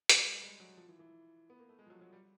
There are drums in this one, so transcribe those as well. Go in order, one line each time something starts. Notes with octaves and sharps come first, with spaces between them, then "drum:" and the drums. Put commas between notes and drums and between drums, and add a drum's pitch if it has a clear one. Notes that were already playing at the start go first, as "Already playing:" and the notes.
G#3, drum: hi-hat
G#3
G3
G#3
F#3
F3
E3
E3
B3
A#3
A3
G#3
F3
F#3
F#3
G3